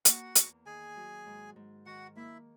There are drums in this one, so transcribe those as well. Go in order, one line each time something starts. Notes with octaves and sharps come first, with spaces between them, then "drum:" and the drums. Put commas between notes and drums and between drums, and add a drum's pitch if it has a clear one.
A#3 F#4 F#5, drum: hi-hat
E2, drum: hi-hat
D#3 G#4 G#5
F#3
G#2
G#2
D#3 F#4 F#5
A#3 E4 E5